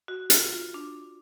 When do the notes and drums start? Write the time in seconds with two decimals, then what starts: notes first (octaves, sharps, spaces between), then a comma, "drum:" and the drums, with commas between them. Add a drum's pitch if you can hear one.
0.08 F#4
0.30 F4, drum: hi-hat
0.52 F4
0.74 D4